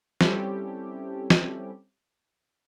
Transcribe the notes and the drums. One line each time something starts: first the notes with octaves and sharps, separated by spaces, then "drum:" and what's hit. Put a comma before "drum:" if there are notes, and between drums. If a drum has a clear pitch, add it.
G3 C4 C#4 E4 G4 A4, drum: snare
drum: snare